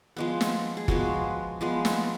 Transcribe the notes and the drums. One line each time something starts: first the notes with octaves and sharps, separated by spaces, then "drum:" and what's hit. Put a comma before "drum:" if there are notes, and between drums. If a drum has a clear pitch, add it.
F3 G#3 B3
drum: snare
G#4
F3 G#3 B3 F#4, drum: kick
F3 G#3 B3
drum: snare